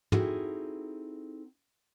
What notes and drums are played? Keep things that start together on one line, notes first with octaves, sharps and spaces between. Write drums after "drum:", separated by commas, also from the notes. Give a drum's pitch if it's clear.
C4 D#4 E4 F#4 G#4 A4, drum: tom